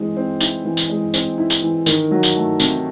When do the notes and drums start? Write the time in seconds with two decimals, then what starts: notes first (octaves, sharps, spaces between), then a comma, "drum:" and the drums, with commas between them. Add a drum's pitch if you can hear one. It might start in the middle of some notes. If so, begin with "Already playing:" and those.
Already playing: E3 G#3 C4
0.17 C4
0.41 E4, drum: tambourine
0.65 E3
0.77 drum: tambourine
0.90 G#3
1.14 C4, drum: tambourine
1.38 E4
1.50 drum: tambourine
1.62 E3
1.86 D#3, drum: tambourine
2.11 F#3
2.23 drum: tambourine
2.36 A3
2.60 C3, drum: tambourine